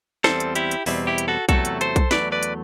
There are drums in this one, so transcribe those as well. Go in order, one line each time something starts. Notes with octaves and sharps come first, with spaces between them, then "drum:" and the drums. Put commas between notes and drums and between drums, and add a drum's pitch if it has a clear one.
E2 B2 G3 C4 A4 C5, drum: snare
drum: hi-hat
E4 G4, drum: hi-hat
drum: hi-hat
E2 B2 G3 C4 E4, drum: open hi-hat
E4 G4
drum: hi-hat
F#4 A4
E2 C3 F#3 A3 F#4 A4, drum: kick B1, hi-hat
drum: hi-hat
A4 C5, drum: hi-hat
drum: kick B1, hi-hat
E2 C3 F#3 A3 B4 D5, drum: snare
B4 D5
drum: hi-hat